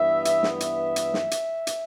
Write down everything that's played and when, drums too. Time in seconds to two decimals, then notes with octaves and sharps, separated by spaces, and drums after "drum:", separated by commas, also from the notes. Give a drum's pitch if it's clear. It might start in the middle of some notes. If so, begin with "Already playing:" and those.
Already playing: G2 E3 B3 E5
0.25 drum: hi-hat
0.43 drum: snare
0.60 E5, drum: hi-hat
0.96 drum: hi-hat
1.14 drum: snare
1.31 drum: hi-hat
1.67 drum: hi-hat